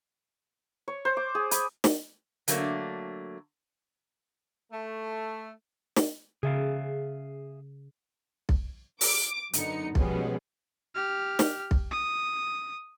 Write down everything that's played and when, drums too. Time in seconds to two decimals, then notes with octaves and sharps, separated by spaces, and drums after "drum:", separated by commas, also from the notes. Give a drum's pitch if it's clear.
0.88 C#5
1.05 C5
1.17 D6
1.35 G#4
1.51 B5, drum: hi-hat
1.84 drum: snare
2.48 D3 F#3 A3 A#3 D4, drum: hi-hat
4.72 A3
5.96 drum: snare
6.43 C#3 G#4 E5 F5
8.49 drum: kick B1
9.01 D6, drum: open hi-hat
9.53 F#2 D3 B3 D#4 C#7, drum: hi-hat
9.95 B2 F3 G3 G#3 B3 C#4, drum: kick B1
10.95 G4 F6
11.39 drum: snare
11.71 drum: kick B1
11.91 D#6